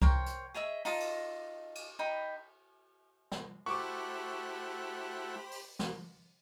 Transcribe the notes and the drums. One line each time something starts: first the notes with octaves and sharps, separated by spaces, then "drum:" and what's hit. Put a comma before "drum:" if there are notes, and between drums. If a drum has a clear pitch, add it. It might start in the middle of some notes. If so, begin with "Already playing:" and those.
A#4 C5 C#5 G5, drum: kick C2
drum: hi-hat
G#4 C#5 D#5 E5
D#4 F4 A4 D#5, drum: open hi-hat
drum: cymbal
drum: cymbal
D#4 G5 B5
drum: snare
A3 E4 F#4 G4 C5 B5 C#6 D6
drum: open hi-hat
drum: snare